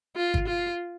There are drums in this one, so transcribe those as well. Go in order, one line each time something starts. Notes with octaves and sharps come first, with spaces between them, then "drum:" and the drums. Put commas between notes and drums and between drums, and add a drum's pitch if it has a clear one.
F4
drum: kick
F4